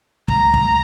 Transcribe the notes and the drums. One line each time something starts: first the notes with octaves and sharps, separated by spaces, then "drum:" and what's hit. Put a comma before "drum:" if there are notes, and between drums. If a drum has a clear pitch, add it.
A#5, drum: kick
drum: kick